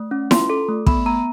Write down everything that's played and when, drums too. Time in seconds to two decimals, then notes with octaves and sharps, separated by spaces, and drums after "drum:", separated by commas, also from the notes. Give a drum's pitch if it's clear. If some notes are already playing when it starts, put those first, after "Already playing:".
Already playing: A3
0.11 C#4
0.31 F4 C6, drum: snare E4
0.50 A4
0.68 A3
0.87 B3 B5, drum: kick
1.06 B3 A#5